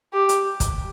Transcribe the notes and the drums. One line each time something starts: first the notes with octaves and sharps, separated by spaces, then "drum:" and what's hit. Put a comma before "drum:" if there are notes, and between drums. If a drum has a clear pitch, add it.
G4
drum: hi-hat
drum: kick, hi-hat